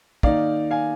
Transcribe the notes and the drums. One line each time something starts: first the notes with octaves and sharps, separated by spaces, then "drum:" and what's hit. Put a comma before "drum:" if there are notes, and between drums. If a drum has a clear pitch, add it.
D#3 A#3 D#4 D5 F5, drum: kick
F5 G#5